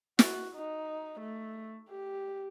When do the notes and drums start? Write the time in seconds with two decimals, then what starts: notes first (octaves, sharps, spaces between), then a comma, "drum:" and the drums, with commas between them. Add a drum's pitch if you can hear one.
0.19 F#4, drum: snare
0.55 D#4
1.20 A3
1.89 G4